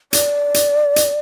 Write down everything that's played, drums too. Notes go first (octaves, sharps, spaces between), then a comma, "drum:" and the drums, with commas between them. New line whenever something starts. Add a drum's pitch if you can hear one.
D5, drum: hi-hat
drum: hi-hat
drum: hi-hat